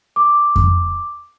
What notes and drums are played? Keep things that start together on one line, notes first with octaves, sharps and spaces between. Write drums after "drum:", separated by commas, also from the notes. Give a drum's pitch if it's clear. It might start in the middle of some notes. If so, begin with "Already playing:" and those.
D6
drum: kick F2